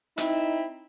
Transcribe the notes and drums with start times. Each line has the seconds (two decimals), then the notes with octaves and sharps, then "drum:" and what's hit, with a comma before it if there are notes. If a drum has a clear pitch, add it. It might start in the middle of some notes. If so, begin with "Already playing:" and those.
0.18 C4 D#4 E4, drum: hi-hat